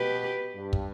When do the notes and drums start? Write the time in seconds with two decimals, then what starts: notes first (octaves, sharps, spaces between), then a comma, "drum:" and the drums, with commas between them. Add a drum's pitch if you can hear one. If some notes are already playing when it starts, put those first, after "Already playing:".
Already playing: B2 G4 B4
0.56 G2
0.73 drum: kick